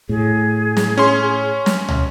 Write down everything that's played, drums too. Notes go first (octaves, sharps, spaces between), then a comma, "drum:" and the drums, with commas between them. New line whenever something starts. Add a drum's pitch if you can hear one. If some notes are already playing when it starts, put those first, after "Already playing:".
A2 G#4
drum: snare
C#4 C6
drum: snare
drum: tom